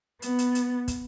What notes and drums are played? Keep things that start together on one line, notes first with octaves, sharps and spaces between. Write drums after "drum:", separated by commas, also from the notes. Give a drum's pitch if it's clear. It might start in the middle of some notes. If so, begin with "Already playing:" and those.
B3, drum: hi-hat
drum: hi-hat
drum: hi-hat
drum: kick, hi-hat